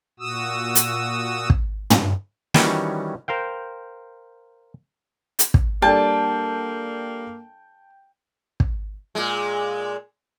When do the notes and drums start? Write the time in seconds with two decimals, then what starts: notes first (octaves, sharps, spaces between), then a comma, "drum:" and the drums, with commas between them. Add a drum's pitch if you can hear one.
0.20 A#2 F#4 D#6 E6
0.75 drum: hi-hat
1.50 drum: kick
1.90 drum: tom
2.54 D#3 E3 G3 C#4 F#4 C#5, drum: snare
3.28 A#4 C5 F5 G5
5.39 drum: hi-hat
5.54 drum: kick
5.82 G3 A#3 D4 A4 G5 A5
8.60 drum: kick
9.15 A#2 G#3